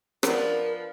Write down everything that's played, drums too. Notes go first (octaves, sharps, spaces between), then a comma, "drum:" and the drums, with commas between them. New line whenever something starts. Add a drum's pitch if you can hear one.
F3 B3 D4 A#4, drum: rim click